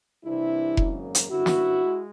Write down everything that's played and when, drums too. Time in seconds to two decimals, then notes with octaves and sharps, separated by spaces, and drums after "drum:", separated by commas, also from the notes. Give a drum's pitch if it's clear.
0.24 C2 C3 E3 G3 C4 D4 E4
0.77 G#1 F#2 C#3 F#3 A#3, drum: kick F1
1.15 drum: hi-hat
1.29 G1 F#2 D3 F#3 B3 E4 F#4
1.46 drum: snare
1.82 G#3